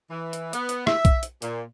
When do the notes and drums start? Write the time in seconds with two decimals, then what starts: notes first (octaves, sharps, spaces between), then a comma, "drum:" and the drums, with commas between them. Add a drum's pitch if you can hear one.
0.10 E3
0.33 drum: hi-hat
0.53 B3, drum: hi-hat
0.69 drum: hi-hat
0.87 E5, drum: rim click
1.05 drum: kick B1, hi-hat
1.23 drum: hi-hat
1.42 A#2, drum: hi-hat